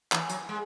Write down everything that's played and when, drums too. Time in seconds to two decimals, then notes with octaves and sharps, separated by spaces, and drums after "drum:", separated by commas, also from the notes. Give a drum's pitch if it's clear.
0.12 E3, drum: clap
0.30 F#3, drum: hi-hat
0.49 G#3